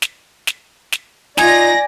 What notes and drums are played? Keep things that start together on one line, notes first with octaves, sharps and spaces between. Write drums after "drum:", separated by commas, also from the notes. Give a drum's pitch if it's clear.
drum: snare
drum: snare
drum: snare
D#4 F4 D5 G#5 G#6 A#6, drum: snare